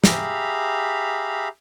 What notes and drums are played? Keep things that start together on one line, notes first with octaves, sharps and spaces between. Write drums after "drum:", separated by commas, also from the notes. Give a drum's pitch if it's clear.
G4 G#4 E5 F5 A#5 B5, drum: snare